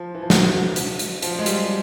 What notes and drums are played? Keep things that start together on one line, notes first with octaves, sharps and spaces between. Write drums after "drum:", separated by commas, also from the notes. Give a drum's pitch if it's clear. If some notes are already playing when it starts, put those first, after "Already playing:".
Already playing: F3
E3
F3
F#3, drum: snare
drum: hi-hat
drum: hi-hat
F3, drum: hi-hat
G#3
G3, drum: hi-hat